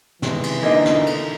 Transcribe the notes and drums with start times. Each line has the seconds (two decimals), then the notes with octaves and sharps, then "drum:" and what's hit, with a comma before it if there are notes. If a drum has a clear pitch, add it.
0.22 C3 D#3 E3 G#3, drum: snare
0.43 drum: cymbal
0.63 D3 A#3 D#4 A#4 D#5 C6
0.85 drum: snare
1.06 drum: cymbal